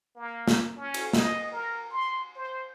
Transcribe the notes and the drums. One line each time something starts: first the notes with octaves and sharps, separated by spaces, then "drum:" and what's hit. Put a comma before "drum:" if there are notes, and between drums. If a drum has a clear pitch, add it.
A#3
drum: snare
C#4
drum: cymbal
D#5, drum: snare
A#4
C6
C5